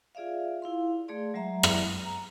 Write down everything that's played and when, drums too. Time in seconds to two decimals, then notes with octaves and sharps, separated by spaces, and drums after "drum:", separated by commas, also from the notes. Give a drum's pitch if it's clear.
0.15 F4 G#4 D5 E5 F5
0.62 E4 F5 C6
1.08 A3 G#4 D5 C6
1.34 F#3 G#3 E5 A#5
1.63 drum: rim click
2.05 A#5